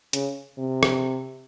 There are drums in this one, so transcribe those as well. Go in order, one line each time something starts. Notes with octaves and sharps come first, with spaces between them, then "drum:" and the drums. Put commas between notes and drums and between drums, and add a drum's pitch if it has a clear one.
C#3, drum: hi-hat
C3
drum: rim click